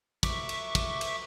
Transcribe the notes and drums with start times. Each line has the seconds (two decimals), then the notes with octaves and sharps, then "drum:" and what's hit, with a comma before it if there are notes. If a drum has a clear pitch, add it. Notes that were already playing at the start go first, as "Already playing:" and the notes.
0.23 E5 C#6 D6, drum: kick, cymbal
0.49 drum: cymbal
0.75 drum: kick, cymbal
1.01 drum: cymbal